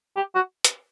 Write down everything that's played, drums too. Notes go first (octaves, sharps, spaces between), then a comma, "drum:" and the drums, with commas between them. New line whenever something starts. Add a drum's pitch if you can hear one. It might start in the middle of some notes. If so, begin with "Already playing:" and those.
G4
F#4
drum: hi-hat